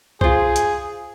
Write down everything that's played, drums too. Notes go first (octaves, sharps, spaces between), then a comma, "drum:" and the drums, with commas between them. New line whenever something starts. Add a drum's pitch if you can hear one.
F4 G#4 C5, drum: kick B1
drum: hi-hat